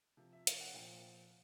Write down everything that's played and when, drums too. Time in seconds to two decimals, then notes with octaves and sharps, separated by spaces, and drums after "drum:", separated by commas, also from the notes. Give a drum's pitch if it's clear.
0.17 C3 F3
0.33 E5
0.47 F5, drum: hi-hat
0.61 F#5
0.74 A#2 F3 F5 G5